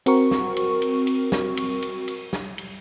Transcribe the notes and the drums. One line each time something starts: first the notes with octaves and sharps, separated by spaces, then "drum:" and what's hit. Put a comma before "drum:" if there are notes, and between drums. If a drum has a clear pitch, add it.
C4 F#4 A#4 C#6, drum: cymbal
drum: snare
drum: cymbal
drum: cymbal
drum: cymbal
drum: snare
drum: cymbal
drum: cymbal
drum: cymbal
drum: snare
drum: cymbal